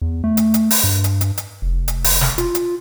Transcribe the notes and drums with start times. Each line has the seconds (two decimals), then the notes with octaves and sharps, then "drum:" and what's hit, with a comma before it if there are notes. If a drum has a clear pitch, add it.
0.02 E2
0.24 A3
0.37 drum: hi-hat
0.54 drum: hi-hat
0.71 drum: open hi-hat
0.84 G2
1.04 drum: hi-hat
1.21 drum: hi-hat
1.37 drum: hi-hat
1.62 F1
1.88 drum: hi-hat
2.04 drum: open hi-hat
2.21 drum: snare
2.38 F4, drum: hi-hat
2.55 drum: hi-hat